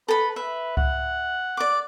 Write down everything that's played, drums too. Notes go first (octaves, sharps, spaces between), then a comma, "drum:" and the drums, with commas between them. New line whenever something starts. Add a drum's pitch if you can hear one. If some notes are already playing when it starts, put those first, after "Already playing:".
A4 B4 B5
B4 E5
F#5, drum: kick C#2
D5 D6